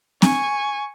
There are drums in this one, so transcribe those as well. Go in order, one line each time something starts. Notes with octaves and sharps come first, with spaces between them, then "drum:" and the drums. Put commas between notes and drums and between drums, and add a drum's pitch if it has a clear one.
G#5 C#6, drum: snare C4